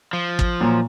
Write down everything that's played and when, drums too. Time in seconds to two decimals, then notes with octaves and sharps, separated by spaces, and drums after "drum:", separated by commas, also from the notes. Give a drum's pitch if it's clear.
0.13 F3
0.39 drum: kick
0.61 A#2 F#3